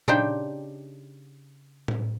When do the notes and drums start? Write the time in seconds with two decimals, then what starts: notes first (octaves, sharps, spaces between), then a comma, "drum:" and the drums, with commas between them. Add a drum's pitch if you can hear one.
0.08 C#3 D4 D#4 G4 C5 G5, drum: tom A#2
1.88 drum: tom A2